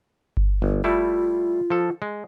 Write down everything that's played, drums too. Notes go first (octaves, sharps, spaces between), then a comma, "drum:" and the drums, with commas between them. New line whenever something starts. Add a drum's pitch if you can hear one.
drum: kick G1
G1
G3 A3 E4 F4
F3 A4
G#3